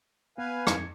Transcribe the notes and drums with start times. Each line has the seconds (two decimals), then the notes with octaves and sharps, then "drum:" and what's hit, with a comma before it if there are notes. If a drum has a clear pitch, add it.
0.38 B3 B4 F5 G#5
0.67 F2 G#6 C#7, drum: rim click